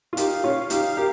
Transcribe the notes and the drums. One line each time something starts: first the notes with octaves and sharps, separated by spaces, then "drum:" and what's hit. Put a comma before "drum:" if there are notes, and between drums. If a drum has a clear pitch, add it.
F4
D#4 G4 F5, drum: hi-hat
C#4 F4
D#4 G4 F5, drum: hi-hat
G4 A#4